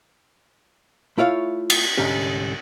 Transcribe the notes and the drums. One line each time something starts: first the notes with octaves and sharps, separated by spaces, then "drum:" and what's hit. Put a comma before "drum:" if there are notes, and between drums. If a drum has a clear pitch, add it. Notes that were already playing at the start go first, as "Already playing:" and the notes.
A3 E4 F4 C#5 F5
drum: cymbal
C2 G#2 D3 C#4 G4